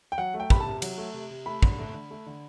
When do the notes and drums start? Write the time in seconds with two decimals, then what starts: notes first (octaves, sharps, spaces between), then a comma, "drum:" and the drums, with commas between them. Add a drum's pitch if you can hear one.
0.12 G5
0.18 F#3 F#5
0.34 A3
0.40 G5
0.50 C3 B5, drum: kick
0.60 A5
0.66 C3
0.82 F#3, drum: cymbal
0.98 A3
1.14 C3
1.30 C3
1.46 A3 B5
1.63 D3, drum: kick
1.79 A3
1.94 D3
2.11 A3
2.26 D3